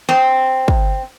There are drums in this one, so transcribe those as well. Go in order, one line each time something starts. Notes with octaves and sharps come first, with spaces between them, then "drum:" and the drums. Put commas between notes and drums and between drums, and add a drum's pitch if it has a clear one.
C4
drum: kick